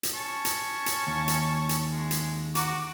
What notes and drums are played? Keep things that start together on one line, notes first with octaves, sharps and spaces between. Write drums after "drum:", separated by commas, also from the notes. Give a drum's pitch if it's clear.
drum: hi-hat
C#4 A5 C#6
drum: hi-hat
drum: hi-hat
D#2
drum: hi-hat
drum: hi-hat
G#3
drum: hi-hat
F#4 A#5 D6, drum: hi-hat